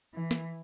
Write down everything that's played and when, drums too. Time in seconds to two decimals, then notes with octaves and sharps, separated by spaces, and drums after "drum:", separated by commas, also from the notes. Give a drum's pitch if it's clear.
0.14 E3
0.31 drum: snare